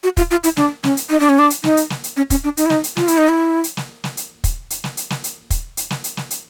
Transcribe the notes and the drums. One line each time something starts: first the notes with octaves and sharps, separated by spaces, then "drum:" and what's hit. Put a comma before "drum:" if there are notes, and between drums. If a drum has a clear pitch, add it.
F#4
F4, drum: kick, hi-hat
F4
E4, drum: hi-hat
D4, drum: snare
C#4, drum: snare
drum: hi-hat
D#4
D4
C#4
D4
drum: hi-hat
D#4, drum: snare
drum: hi-hat
drum: snare
drum: hi-hat
C#4
C#4, drum: kick, hi-hat
D4
D#4, drum: hi-hat
E4
D#4, drum: snare
drum: hi-hat
F4, drum: snare
E4, drum: hi-hat
D#4
E4
drum: hi-hat
drum: snare
drum: snare
drum: hi-hat
drum: kick, hi-hat
drum: hi-hat
drum: snare
drum: hi-hat
drum: snare
drum: hi-hat
drum: kick, hi-hat
drum: hi-hat
drum: snare
drum: hi-hat
drum: snare
drum: hi-hat